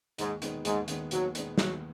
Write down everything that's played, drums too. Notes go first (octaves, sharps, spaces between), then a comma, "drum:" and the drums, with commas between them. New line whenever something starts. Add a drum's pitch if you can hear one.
D#2 G#2, drum: hi-hat
D#3 G#3 B3, drum: hi-hat
D#2 G#2, drum: hi-hat
D#3 G#3 B3, drum: hi-hat
D#2 F#3, drum: hi-hat
D#3 G#3 B3, drum: hi-hat
D#2 F#3, drum: snare